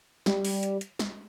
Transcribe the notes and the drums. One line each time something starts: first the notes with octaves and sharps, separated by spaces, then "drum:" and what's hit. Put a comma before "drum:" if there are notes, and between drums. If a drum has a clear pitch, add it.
G3, drum: snare
drum: open hi-hat
drum: hi-hat
drum: hi-hat
drum: snare